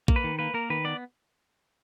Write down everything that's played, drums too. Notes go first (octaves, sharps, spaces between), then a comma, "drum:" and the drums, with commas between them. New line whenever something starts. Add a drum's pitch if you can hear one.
A#3, drum: kick
B4
D#3
A#3 B4
A#3 A#4
D#3 B4
B3 D5